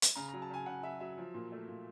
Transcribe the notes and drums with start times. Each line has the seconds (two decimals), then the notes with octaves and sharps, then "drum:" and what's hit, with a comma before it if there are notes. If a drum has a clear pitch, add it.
0.02 drum: hi-hat
0.15 C#3 A#5
0.28 F#3 A#5
0.42 A5
0.50 C#3 G#5
0.66 C#3 F#5
0.83 F#3 E5
1.00 F#3 E5
1.17 F3
1.34 A#2
1.52 A3
1.68 A#2